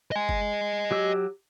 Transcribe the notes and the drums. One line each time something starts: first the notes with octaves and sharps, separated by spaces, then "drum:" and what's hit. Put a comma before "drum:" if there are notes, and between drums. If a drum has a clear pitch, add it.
D#5 G#5
drum: kick F#1
F#3 G4 E6